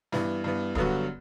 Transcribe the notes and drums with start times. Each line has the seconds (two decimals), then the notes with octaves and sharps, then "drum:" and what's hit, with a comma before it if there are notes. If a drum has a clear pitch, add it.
0.12 G2 E3 B3, drum: snare
0.44 G2 E3 B3
0.75 G2 D3 F#3 B3 F#4, drum: kick